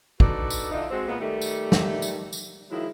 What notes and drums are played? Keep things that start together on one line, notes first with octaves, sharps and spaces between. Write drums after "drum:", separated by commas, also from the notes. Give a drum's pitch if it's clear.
D4 D#4 F#4 A4 B4 D5, drum: kick
drum: tambourine
D3 E3 D4 D#4 F4
G#3 C4 F#4
A#2 G#3 B3
D#3 G3 A3
drum: tambourine
drum: snare
drum: tambourine
drum: tambourine
D#3 F3 F#3 G#3 E4